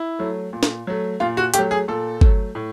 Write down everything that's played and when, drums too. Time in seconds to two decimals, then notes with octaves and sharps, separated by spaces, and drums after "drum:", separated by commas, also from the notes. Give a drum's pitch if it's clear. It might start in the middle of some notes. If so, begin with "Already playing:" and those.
Already playing: E4
0.19 F#3 A3
0.53 A#2
0.63 drum: snare
0.87 F#3 A3
1.20 A#2 F4
1.37 F#4
1.54 A3 G4, drum: hi-hat
1.59 F#3
1.71 G#4
1.88 A#2 A4
2.21 F#3 A3, drum: kick G1
2.55 A2